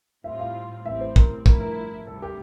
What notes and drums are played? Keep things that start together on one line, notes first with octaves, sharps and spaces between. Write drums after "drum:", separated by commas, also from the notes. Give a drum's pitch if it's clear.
A2 G3 C4 F4 E5
F5
A1 A2 E3 G3 C4 E5
C5
A#4, drum: kick
G1 G2 F3 A3 E4 A#4, drum: kick
A#4
D2 C3 G3 A4
G4